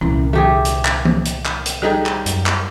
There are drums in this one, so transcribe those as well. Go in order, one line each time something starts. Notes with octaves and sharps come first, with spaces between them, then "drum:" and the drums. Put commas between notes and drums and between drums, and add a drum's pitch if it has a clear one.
C2 A#2 E3 C#4
D#3 A3 G4 G#4
drum: hi-hat
drum: clap
drum: tom
drum: hi-hat
drum: clap
drum: hi-hat
G3 D#4 G#4 A4 D#5 A#5
drum: clap
F#2, drum: hi-hat
drum: clap